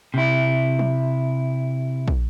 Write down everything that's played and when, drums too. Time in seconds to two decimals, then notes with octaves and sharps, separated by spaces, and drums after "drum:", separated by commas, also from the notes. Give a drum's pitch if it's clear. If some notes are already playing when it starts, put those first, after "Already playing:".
0.14 C3 E4
0.79 drum: tom
2.08 drum: kick